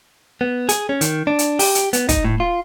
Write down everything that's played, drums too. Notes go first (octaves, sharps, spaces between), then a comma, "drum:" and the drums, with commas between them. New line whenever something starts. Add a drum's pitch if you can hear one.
B3
G#4, drum: hi-hat
C#4
D#3, drum: hi-hat
D4
drum: hi-hat
G4, drum: open hi-hat
drum: hi-hat
B3, drum: hi-hat
D#4, drum: kick, hi-hat
A2
F4